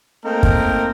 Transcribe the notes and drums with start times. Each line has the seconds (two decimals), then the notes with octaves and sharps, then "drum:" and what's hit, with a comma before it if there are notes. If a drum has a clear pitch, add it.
0.25 A3 A#3 C4 D#4 A#4 G5
0.43 drum: kick